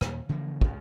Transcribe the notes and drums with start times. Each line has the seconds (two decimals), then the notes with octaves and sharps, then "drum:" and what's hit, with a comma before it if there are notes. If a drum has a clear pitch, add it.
0.01 D#2 A#2, drum: rim click
0.29 C#3 E3 F3 A#3
0.61 C#2 C#3, drum: kick